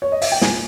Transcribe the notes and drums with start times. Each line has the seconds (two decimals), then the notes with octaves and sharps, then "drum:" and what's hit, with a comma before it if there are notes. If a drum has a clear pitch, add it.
0.02 C#5
0.12 D#5
0.22 E5, drum: open hi-hat
0.32 G5
0.41 A#2 G#5, drum: snare